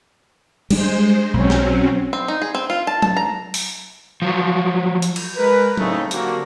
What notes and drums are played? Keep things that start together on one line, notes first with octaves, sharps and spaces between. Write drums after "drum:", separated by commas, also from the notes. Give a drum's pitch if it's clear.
G3 G#3 D4 C5, drum: cymbal
B1 F#3 C4 C#4
drum: snare
C4
D#4
G#4
C4
F4
A5
A5, drum: tom F#3
A#5
drum: open hi-hat
F3 F#3
drum: hi-hat
drum: cymbal
G#3 A#4 B4
A2 C#3 A3 C4 D#4, drum: tom F#3
D3 A#3 C4 F#4 G4, drum: hi-hat